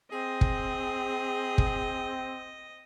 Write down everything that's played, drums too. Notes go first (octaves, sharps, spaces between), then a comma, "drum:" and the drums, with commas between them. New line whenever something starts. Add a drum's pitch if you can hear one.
C4 G#4 D#5
drum: kick
drum: kick